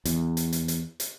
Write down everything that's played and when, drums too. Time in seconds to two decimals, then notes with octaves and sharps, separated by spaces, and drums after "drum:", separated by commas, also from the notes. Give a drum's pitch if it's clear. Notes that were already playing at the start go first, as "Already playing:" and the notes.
0.05 E2, drum: hi-hat
0.37 drum: hi-hat
0.53 drum: hi-hat
0.68 drum: hi-hat
1.00 drum: hi-hat